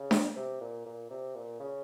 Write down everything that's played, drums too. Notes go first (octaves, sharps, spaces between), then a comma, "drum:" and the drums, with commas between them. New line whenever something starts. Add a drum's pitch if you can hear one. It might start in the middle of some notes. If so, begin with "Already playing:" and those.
Already playing: C#3
drum: snare D4
C3
A#2
A#2
C3
A#2
C#3